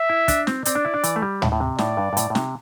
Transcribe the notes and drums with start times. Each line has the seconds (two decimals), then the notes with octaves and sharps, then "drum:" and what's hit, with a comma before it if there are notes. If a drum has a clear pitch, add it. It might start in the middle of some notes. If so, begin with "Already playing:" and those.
Already playing: E5
0.09 E4
0.28 D4, drum: kick, hi-hat
0.47 C4, drum: snare
0.65 C4 D5, drum: hi-hat
0.75 D4
0.85 E4
0.94 D4
1.04 E3, drum: hi-hat
1.16 A3
1.22 G3
1.42 A2, drum: tom
1.52 A2
1.60 C3
1.78 A2 D5, drum: snare
1.97 G2
2.13 G2
2.17 A2, drum: hi-hat
2.30 A2
2.35 C3, drum: snare